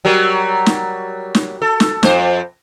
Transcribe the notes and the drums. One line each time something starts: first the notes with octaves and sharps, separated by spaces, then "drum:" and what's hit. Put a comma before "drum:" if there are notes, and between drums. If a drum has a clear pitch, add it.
F#3 G3 A#4
drum: snare
drum: snare
A4
drum: snare
F2 C5, drum: snare